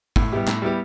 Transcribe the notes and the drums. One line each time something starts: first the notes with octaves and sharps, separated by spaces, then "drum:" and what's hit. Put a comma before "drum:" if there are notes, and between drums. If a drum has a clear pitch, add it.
A2, drum: kick
G3 B3 E4 G4
A2, drum: clap
G3 B3 E4 G4